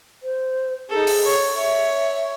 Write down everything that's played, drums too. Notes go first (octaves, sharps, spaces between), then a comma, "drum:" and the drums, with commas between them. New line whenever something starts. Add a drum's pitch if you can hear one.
C5
D#4 G#4 A4
drum: open hi-hat
C#5
C#5 E5